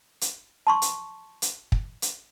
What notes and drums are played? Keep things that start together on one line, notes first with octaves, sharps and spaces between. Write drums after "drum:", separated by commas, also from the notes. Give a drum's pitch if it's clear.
drum: hi-hat
A5 C6 C#6
drum: hi-hat
drum: hi-hat
drum: kick
drum: hi-hat